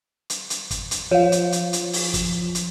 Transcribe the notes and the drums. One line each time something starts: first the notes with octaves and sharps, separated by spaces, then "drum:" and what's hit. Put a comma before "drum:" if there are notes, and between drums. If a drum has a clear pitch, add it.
drum: hi-hat
drum: hi-hat
drum: kick, hi-hat
drum: hi-hat
F3 C#5 F5
drum: hi-hat
drum: hi-hat
drum: hi-hat
drum: open hi-hat
drum: kick, hi-hat
drum: hi-hat